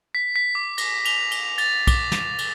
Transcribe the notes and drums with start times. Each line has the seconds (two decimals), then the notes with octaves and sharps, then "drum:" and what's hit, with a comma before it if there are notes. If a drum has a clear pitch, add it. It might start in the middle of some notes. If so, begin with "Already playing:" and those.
0.15 B6
0.36 B6
0.55 D6
0.78 A#6, drum: cymbal
1.05 F7, drum: cymbal
1.31 drum: cymbal
1.58 A6, drum: cymbal
1.87 D6, drum: kick, cymbal
2.12 drum: snare
2.38 drum: cymbal